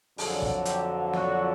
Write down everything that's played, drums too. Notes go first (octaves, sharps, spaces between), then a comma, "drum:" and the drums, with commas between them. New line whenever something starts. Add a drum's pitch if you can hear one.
F2 D3 F#3 G#4, drum: open hi-hat
drum: kick
G4, drum: hi-hat
F#4, drum: snare